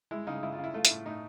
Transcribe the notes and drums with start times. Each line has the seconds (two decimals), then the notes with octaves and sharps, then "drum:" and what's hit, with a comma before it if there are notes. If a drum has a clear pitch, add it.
0.11 G#3 E4
0.27 C#3 D#4
0.43 C#3 E4
0.53 F4
0.58 C#3
0.64 E4
0.74 A3 F4
0.85 E4, drum: hi-hat
0.90 A2
1.06 A2 D#4